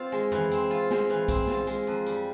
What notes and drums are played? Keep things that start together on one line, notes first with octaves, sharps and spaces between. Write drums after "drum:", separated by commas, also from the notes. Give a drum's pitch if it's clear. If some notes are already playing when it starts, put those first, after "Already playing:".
Already playing: C4 F4
G#3
E3, drum: tom F2
C4, drum: tambourine
F4
G#3, drum: snare
E3
C4, drum: kick, tambourine
F4, drum: snare
G#3, drum: tambourine
F2
G3, drum: tambourine